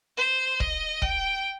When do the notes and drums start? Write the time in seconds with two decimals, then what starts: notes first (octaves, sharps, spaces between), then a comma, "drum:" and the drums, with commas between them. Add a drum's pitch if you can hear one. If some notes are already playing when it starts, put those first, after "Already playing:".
0.17 C5
0.60 D#5, drum: kick
1.02 G5, drum: kick